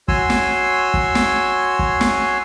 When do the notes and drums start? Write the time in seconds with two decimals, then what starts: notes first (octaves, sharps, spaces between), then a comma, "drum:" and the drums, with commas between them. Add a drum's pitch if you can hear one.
0.08 F#4 C#5 G#5 C6 E6, drum: kick
0.30 drum: snare
0.94 drum: kick
1.15 drum: snare
1.79 drum: kick
2.01 drum: snare